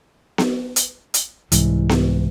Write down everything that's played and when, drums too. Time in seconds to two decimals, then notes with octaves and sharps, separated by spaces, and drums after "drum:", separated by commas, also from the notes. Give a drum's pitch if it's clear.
0.38 drum: snare B3
0.76 drum: hi-hat
1.14 drum: hi-hat
1.52 C2 G#2 E3, drum: hi-hat
1.89 drum: snare B3